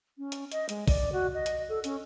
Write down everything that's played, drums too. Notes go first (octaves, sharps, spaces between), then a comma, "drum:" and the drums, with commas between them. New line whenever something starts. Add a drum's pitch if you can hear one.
C#4
drum: hi-hat
D#5, drum: hi-hat
G#3, drum: hi-hat
D5, drum: kick, open hi-hat
F#4
D#5
drum: hi-hat
A4
C#4, drum: hi-hat